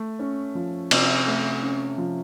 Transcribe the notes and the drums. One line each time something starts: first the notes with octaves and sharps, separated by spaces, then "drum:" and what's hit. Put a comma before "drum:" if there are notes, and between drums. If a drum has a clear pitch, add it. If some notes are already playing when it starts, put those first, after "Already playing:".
Already playing: A3
C#4
F3
C3, drum: cymbal
A3
C#4
F3